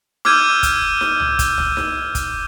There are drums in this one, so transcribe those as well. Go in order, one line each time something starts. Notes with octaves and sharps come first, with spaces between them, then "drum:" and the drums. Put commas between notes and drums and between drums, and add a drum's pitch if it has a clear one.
D6 E6 F6 G6 G#6 D#7, drum: snare D#4
drum: kick, hi-hat
drum: snare D#4
drum: tom C2
drum: kick, hi-hat
drum: tom C2
drum: snare D#4
drum: kick, hi-hat